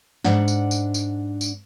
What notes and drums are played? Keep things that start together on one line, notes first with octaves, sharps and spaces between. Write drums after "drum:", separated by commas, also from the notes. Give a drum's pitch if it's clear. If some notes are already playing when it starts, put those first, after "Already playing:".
G#2 D4 F#5, drum: snare
drum: tambourine
drum: tambourine
drum: tambourine
drum: tambourine